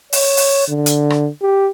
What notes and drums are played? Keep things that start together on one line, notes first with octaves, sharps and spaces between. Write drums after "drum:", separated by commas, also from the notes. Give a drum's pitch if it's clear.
C#5, drum: open hi-hat
drum: open hi-hat
D3
drum: hi-hat
drum: rim click
G4